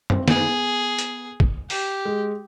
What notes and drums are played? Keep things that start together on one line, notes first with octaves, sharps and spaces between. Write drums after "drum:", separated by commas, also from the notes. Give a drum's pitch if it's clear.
C4, drum: tom F#2
B3 G#4, drum: snare
drum: hi-hat
drum: kick
G4, drum: open hi-hat
G#3